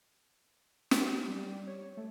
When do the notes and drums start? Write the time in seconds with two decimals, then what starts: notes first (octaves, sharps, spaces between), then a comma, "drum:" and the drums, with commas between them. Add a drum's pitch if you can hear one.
0.91 drum: snare
1.28 G3
1.67 C#5
1.97 A3